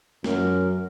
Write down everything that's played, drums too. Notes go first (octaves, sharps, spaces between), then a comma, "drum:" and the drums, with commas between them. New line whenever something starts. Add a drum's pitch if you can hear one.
F#2 A#4, drum: snare